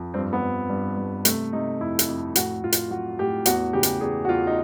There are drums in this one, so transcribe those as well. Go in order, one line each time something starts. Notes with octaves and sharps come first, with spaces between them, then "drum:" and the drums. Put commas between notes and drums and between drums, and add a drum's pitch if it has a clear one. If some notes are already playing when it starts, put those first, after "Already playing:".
Already playing: F2 F3
G2 C4
B3
G2
G2
G2
C3 A3, drum: hi-hat
C3 D#4
F2 E4
drum: hi-hat
F2
A2 F#4, drum: hi-hat
A2 F4
drum: hi-hat
F#3 F#4
A2 G4
E2 F#4, drum: hi-hat
C#3 G4
drum: hi-hat
E2 G#4
F#4
E2 F4
D#4